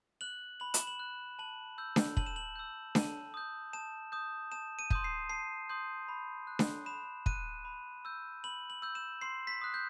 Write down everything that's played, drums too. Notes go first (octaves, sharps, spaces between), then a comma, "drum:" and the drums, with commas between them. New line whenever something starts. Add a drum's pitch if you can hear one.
F#6 F#7
B5 F#7
E7, drum: hi-hat
F#7
F#6
A5 F#7
E6 G6
drum: snare D4
A5 F#7, drum: kick
E7
F#7
E6 G6
A5, drum: snare D4
D#6 G6
A5 E7
D#6 G6
A5 E7
D#7
C6 D#6 G6, drum: kick
C7
A5 C7
C6 D#6 G6
B5
F#6
drum: snare D4
B5 E7
F#6 D#7, drum: kick
B5
E6 G6
B5 F#7
F#7
E6 G6
E7
C6 C7
B6
D#6 F#6
G6